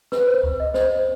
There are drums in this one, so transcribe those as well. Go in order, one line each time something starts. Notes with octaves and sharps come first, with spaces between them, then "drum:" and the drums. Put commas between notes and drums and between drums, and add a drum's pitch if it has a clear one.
B4, drum: snare
C5
drum: kick C#2
D#5
C5, drum: snare